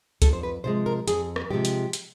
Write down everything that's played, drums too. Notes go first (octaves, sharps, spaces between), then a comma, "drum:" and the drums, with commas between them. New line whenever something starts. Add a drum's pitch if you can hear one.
F2 A4, drum: kick C#2, hi-hat
C5
B4
C3 F3 G#3 C5
A#4
F2 G#4, drum: hi-hat
drum: rim click
C3 F3 G#3 G4
drum: hi-hat
drum: hi-hat